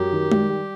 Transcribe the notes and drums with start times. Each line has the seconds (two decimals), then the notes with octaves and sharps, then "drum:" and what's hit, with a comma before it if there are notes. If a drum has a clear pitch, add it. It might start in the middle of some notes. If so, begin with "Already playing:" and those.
Already playing: F#2 G4
0.12 D#3
0.32 G3, drum: tom G#3
0.50 G3